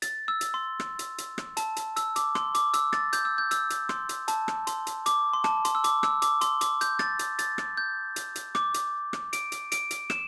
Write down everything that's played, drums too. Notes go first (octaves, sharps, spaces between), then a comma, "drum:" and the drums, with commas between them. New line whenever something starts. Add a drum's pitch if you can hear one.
A6, drum: hi-hat
E6
drum: hi-hat
C6
drum: rim click
drum: hi-hat
drum: hi-hat
drum: rim click
A5, drum: hi-hat
drum: hi-hat
E6, drum: hi-hat
D6, drum: hi-hat
C6, drum: rim click
D6, drum: hi-hat
E6, drum: hi-hat
A6, drum: rim click
G6, drum: hi-hat
E6
G6
E6, drum: hi-hat
drum: hi-hat
C6, drum: rim click
drum: hi-hat
A5, drum: hi-hat
drum: rim click
C6, drum: hi-hat
drum: hi-hat
D6, drum: hi-hat
C6
A5, drum: rim click
C6, drum: hi-hat
E6
D6, drum: hi-hat
E6, drum: rim click
D6, drum: hi-hat
C6, drum: hi-hat
D6, drum: hi-hat
G6, drum: hi-hat
A6, drum: rim click
drum: hi-hat
A6, drum: hi-hat
drum: rim click
G6
drum: hi-hat
drum: hi-hat
D6, drum: rim click
drum: hi-hat
drum: rim click
D7, drum: hi-hat
drum: hi-hat
D7, drum: hi-hat
drum: hi-hat
E7, drum: rim click